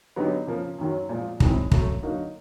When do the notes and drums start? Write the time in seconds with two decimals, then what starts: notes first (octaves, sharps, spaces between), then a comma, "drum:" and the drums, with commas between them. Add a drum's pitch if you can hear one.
0.16 D3 F#3 B3 D#4 G4
0.47 C#3 F3 A#3
0.78 F#2 D#3 F#3
1.09 A#2 F3 G#3
1.40 F#2 D#3 G#3 C4 E4, drum: kick
1.71 F#2 C#3 F#3 A3, drum: kick
2.02 D3 F#3 A#3 D#4 F#4